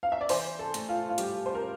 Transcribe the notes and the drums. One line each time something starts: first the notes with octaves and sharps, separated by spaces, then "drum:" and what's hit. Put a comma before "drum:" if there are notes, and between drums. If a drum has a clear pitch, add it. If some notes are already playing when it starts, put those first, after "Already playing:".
F5
E5
D5
E3 C5, drum: open hi-hat
A4
A2, drum: hi-hat
F4
F4
G3 G4, drum: hi-hat
C5
A#4